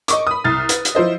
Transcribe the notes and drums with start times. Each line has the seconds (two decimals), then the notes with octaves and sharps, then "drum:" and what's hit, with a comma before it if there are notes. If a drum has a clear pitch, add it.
0.08 D#5 C#6 D6, drum: hi-hat
0.27 B5 D#6
0.44 C2 F6 A6
0.69 B4, drum: hi-hat
0.85 drum: hi-hat
0.95 F3 E4 C5 D#5